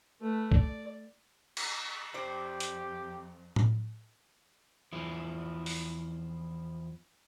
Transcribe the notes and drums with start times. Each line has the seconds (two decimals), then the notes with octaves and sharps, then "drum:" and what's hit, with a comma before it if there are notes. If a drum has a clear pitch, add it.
0.21 A3 B4
0.52 D5, drum: kick
1.57 drum: cymbal
2.14 F2 G4 C5 D5
2.60 drum: hi-hat
3.56 drum: tom A2
4.93 E2 F3 E4
5.66 drum: open hi-hat